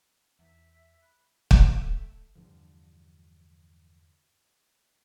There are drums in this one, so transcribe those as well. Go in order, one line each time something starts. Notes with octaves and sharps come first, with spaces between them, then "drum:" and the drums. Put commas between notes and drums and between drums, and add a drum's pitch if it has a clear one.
E2 E5
B5 F#6
A3 E5, drum: kick
E2 G2 D3 F3